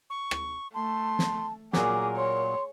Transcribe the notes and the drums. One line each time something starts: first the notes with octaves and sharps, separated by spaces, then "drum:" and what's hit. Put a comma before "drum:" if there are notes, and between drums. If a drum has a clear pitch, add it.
C#6
drum: rim click
A3 A5 C6
drum: snare
A#2 F#3 G#4 A#4 D6, drum: snare
C#5 C6